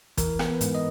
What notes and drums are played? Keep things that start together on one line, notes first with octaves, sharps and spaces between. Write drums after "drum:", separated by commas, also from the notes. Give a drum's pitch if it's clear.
E3 A#4, drum: kick, hi-hat
B3, drum: rim click
B4
G#2, drum: hi-hat
D#5